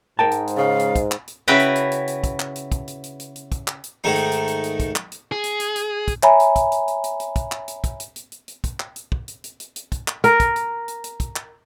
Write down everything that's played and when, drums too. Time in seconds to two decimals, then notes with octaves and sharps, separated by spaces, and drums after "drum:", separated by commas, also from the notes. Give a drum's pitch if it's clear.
0.19 G#2 A#4 G5 A5
0.31 drum: hi-hat
0.47 drum: hi-hat
0.57 C#3 F5
0.79 drum: hi-hat
0.95 drum: kick, hi-hat
1.12 drum: clap
1.28 drum: hi-hat
1.48 C#3 E4 F#4 B4 G5 A#5
1.60 drum: hi-hat
1.76 drum: hi-hat
1.92 drum: hi-hat
2.08 drum: hi-hat
2.24 drum: kick, hi-hat
2.40 drum: clap
2.56 drum: hi-hat
2.72 drum: kick, hi-hat
2.88 drum: hi-hat
3.04 drum: hi-hat
3.20 drum: hi-hat
3.36 drum: hi-hat
3.52 drum: kick, hi-hat
3.68 drum: clap
3.84 drum: hi-hat
4.04 G#2 D#3 A3 D#4
4.16 drum: hi-hat
4.32 drum: hi-hat
4.48 drum: hi-hat
4.64 drum: hi-hat
4.80 drum: kick, hi-hat
4.96 drum: clap
5.12 drum: hi-hat
5.32 G#4
5.44 drum: hi-hat
5.60 drum: hi-hat
5.76 drum: hi-hat
6.08 drum: kick, hi-hat
6.23 C#5 E5 G#5 A#5 B5, drum: clap
6.40 drum: hi-hat
6.56 drum: kick, hi-hat
6.72 drum: hi-hat
6.88 drum: hi-hat
7.04 drum: hi-hat
7.20 drum: hi-hat
7.36 drum: kick, hi-hat
7.52 drum: clap
7.68 drum: hi-hat
7.84 drum: kick, hi-hat
8.00 drum: hi-hat
8.16 drum: hi-hat
8.32 drum: hi-hat
8.48 drum: hi-hat
8.64 drum: kick, hi-hat
8.80 drum: clap
8.96 drum: hi-hat
9.12 drum: kick
9.28 drum: hi-hat
9.44 drum: hi-hat
9.60 drum: hi-hat
9.76 drum: hi-hat
9.92 drum: kick, hi-hat
10.08 drum: clap
10.24 A#4, drum: hi-hat
10.40 drum: kick, hi-hat
10.56 drum: hi-hat
10.88 drum: hi-hat
11.04 drum: hi-hat
11.20 drum: kick, hi-hat
11.36 drum: clap